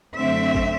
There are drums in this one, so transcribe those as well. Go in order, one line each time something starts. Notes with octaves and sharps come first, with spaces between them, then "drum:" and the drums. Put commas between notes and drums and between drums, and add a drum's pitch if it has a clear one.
F#2 D3 A3 C4 E5
drum: kick G#1